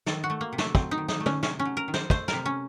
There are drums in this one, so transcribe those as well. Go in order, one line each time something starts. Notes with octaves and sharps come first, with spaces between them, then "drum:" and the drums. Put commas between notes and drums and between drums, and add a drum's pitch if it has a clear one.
D#3 A4, drum: snare
F#4
A3
A#3
C3
A3, drum: snare
F#3 C4, drum: kick
D#4
D#3
D#4, drum: snare
A3
C#4, drum: tom
C3 C#4, drum: snare
C#4
F#3
A#4
D#3
C5, drum: snare
A3 C5, drum: kick
A#4, drum: snare
C3
C#4